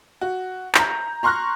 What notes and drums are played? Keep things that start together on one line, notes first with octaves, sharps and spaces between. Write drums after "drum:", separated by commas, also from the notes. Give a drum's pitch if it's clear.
F#4
A#5 G6, drum: clap
A#5 C6 C#6 F6 F#6 A#6